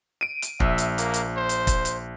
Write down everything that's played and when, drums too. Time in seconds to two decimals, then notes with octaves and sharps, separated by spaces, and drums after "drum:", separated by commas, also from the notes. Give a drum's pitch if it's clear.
0.21 D7 D#7
0.42 drum: hi-hat
0.60 A#1 E5, drum: kick
0.78 drum: hi-hat
0.98 A#3, drum: hi-hat
1.14 drum: hi-hat
1.37 C5
1.49 drum: hi-hat
1.67 drum: kick, hi-hat
1.85 drum: hi-hat